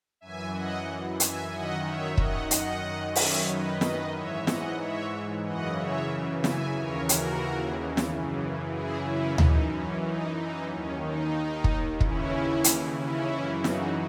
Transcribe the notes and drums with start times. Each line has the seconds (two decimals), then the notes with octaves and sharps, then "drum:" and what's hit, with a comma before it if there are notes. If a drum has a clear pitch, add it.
0.21 F#2 E3 E5 G#5
0.54 D#5 F#5
1.20 E5 G#5, drum: hi-hat
1.52 F#2 D#3 D#5 F#5
1.85 C#5 E5
2.17 D#5 F#5, drum: kick
2.51 D#5 F#5, drum: hi-hat
2.83 F#2 D#3
3.16 C#5 E5, drum: open hi-hat
3.48 B4 D#5
3.81 B4 D#5, drum: snare
4.14 G#2 E3 C#5 E5
4.47 D#5 F#5, drum: snare
4.80 C#5 E5
5.45 F#2 C#3 E3 D#5 F#5
5.78 C#5 E5
6.44 E5 G#5, drum: snare
6.76 D#2 C#3 E3 A#4 C#5
7.09 F#4 A#4, drum: hi-hat
7.97 drum: snare
8.08 F#2 C#3 E3
8.73 E4 G#4
9.06 C#4 E4
9.38 F#2 E3 D#4, drum: tom D2
9.71 C#4
10.05 D#4
10.37 D#4
10.70 D#2 D#3 C#4
11.03 D#4
11.64 drum: kick
12.00 D#2 C#3 E3 C#4 E4, drum: kick
12.64 drum: hi-hat
12.99 C#4 E4
13.32 F#2 C#3 E3
13.64 D#4 F#4, drum: snare